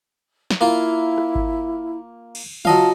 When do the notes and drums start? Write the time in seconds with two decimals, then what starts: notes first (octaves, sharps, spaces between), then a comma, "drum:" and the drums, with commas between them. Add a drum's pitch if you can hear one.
0.50 drum: snare
0.61 A#3 E4 F4
1.18 drum: rim click
1.35 drum: kick G1
2.35 drum: cymbal
2.65 F#3 F4 D#5 F5 A5, drum: tom